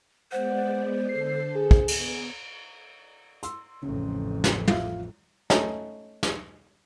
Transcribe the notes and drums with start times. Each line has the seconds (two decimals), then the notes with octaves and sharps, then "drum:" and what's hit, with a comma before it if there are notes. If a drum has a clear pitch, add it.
0.32 G#3 B3 C5 D5 F#5
1.09 D3 A4 C7
1.55 G#4
1.71 drum: kick
1.88 B3 G#6, drum: cymbal
3.43 C6 E6, drum: hi-hat
3.82 A1 F2 C#3
4.44 drum: snare
4.68 F4 E5 F5, drum: tom
5.50 A3 C#4 D#4, drum: snare
6.23 drum: snare